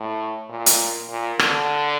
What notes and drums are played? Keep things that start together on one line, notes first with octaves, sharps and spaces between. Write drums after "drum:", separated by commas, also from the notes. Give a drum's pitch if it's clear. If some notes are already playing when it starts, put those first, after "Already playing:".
Already playing: A2
A#2
drum: hi-hat
A#2
D3, drum: rim click